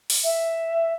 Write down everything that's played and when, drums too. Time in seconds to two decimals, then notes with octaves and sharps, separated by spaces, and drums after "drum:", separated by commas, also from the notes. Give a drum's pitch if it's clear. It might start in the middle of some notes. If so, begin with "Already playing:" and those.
0.10 drum: open hi-hat
0.24 E5